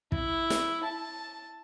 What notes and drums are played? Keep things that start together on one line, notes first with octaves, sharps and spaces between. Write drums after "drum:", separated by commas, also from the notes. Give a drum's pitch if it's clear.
E4, drum: kick
drum: snare
A5